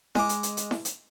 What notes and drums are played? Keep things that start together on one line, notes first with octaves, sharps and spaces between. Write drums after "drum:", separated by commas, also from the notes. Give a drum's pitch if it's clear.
G#3 D6, drum: snare E4
drum: hi-hat
drum: hi-hat
drum: hi-hat
drum: snare E4
drum: hi-hat